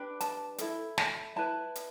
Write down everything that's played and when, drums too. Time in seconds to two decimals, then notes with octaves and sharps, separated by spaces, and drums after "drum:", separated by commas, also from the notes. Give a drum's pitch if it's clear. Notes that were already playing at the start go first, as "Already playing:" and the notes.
Already playing: D4 G4 B4
0.21 A5, drum: hi-hat
0.58 E4 A4, drum: hi-hat
0.98 A5, drum: snare
1.36 E4 B4 A5
1.75 drum: hi-hat